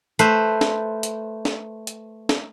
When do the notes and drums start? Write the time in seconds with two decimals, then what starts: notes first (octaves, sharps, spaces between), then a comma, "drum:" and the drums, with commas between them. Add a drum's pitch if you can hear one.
0.19 A3 B4 C5, drum: hi-hat
0.61 drum: snare
1.03 drum: hi-hat
1.45 drum: snare
1.87 drum: hi-hat
2.29 drum: snare